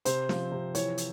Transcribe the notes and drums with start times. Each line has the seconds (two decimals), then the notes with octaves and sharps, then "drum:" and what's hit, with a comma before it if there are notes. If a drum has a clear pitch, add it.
0.05 C3 C5, drum: hi-hat
0.29 F3, drum: snare
0.52 C3
0.75 E3 C#5, drum: hi-hat
0.98 drum: hi-hat